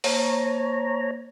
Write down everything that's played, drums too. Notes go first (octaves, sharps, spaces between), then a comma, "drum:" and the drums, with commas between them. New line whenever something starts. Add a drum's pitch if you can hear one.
A#3 C5 C#5 A5 A#5, drum: open hi-hat